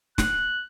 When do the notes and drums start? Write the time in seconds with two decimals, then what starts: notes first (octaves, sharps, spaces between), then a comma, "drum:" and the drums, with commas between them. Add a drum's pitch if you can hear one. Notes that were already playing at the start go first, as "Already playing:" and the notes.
0.18 F#6, drum: snare